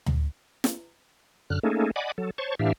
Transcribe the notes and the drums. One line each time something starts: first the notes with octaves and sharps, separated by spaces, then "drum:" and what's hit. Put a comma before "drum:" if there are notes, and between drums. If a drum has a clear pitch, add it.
drum: tom D2
drum: snare
F#2 D3 F6 F#6
A3 A#3 C#4 D#4 G#4 A4
D5 D#5 F#5 G#5 B5 D6
F#3 A4
C5 C#5 A5 C#6
A2 E3 D4 G4 E5 F5